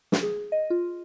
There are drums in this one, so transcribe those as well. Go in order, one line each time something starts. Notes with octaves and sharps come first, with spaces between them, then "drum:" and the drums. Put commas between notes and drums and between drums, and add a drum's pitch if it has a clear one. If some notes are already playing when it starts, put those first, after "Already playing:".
drum: snare
G#4
D#5
F4